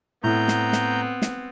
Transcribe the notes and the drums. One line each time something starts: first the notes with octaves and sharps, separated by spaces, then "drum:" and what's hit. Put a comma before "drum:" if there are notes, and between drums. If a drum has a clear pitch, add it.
A2 B3 C4 A#5 G6
drum: snare
drum: snare
drum: snare